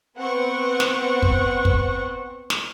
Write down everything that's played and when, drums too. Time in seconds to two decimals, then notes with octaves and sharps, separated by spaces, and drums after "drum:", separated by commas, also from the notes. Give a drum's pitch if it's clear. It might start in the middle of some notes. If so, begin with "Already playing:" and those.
0.16 B3 C4 F#5 C#6
0.80 drum: snare
1.22 drum: kick
1.65 drum: kick
2.50 drum: snare